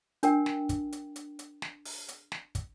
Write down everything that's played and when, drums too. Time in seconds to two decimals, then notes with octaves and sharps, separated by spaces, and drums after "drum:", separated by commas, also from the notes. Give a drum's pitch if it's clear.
0.23 D4 A#4 G5, drum: hi-hat
0.46 drum: snare
0.69 drum: kick, hi-hat
0.92 drum: hi-hat
1.16 drum: hi-hat
1.39 drum: hi-hat
1.62 drum: snare
1.85 drum: open hi-hat
2.08 drum: hi-hat
2.32 drum: snare
2.55 drum: kick, hi-hat